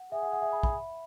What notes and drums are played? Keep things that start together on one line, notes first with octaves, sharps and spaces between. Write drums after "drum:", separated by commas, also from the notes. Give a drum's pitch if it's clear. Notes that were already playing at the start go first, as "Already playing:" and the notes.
Already playing: F#5
G#4 E5
F#5
F#5
E5
B5
B5, drum: kick